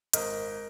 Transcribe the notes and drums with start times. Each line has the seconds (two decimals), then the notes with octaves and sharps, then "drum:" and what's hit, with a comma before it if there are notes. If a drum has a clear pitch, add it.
0.13 G#1 A#4 D#5, drum: hi-hat